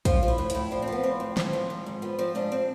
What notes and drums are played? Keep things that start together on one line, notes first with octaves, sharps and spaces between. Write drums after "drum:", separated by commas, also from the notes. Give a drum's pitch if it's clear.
F3 F4, drum: kick, hi-hat
F3
E4
A2
A2 E4, drum: hi-hat
F3 D4
C4
F3 B3
A2 C4
A2
F3, drum: snare
F3
G#2
G#2
F3 B3
F3 C4
G#2 D4
C4